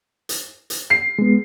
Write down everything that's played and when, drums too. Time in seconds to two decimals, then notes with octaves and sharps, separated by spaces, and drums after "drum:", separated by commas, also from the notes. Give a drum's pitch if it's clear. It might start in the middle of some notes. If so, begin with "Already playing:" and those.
0.29 drum: hi-hat
0.70 drum: hi-hat
0.90 C7
1.19 G#3 B3